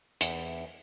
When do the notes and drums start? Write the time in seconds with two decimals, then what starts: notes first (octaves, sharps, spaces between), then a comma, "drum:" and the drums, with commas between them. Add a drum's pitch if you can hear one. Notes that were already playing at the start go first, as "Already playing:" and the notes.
0.21 E2, drum: hi-hat